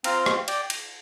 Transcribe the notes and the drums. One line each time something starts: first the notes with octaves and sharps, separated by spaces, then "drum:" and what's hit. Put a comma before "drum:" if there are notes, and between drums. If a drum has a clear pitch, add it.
C4 F4 F5 A#5, drum: cymbal
drum: rim click
D5 G5, drum: cymbal
drum: cymbal